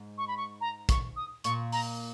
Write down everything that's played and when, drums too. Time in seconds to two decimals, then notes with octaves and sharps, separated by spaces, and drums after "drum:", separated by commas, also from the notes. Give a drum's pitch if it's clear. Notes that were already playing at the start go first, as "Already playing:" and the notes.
Already playing: G#2
0.18 C#6
0.28 B5
0.37 C#6
0.61 A#5
0.89 C#6, drum: kick, hi-hat
1.16 D#6
1.44 A#2 C#6, drum: hi-hat
1.72 A#5, drum: open hi-hat